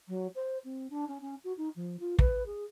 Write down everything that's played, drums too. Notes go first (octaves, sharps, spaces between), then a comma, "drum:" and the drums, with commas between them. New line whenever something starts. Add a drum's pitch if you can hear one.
F#3
C5
C4
D4
C#4
C#4
F#4
D#4
F3
F4
B4, drum: kick
G#4